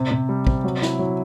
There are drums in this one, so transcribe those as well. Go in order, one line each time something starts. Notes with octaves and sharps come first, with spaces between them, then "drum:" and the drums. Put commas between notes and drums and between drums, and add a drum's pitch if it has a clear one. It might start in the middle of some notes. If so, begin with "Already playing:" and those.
Already playing: C3
C3
G3
C3, drum: kick
F#3
E4, drum: snare
F#3